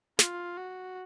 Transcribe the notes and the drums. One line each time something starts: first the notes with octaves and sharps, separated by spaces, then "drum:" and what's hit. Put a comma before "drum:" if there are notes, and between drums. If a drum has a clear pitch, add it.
F4, drum: snare
F#4